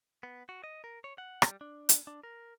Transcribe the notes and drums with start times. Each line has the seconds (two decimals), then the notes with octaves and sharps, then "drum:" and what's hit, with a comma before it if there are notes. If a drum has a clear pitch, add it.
0.23 B3
0.49 F#4
0.64 D#5
0.84 A#4
1.04 C#5
1.18 F#5
1.42 G3, drum: rim click
1.61 D4
1.89 drum: hi-hat
2.07 D4
2.23 A#4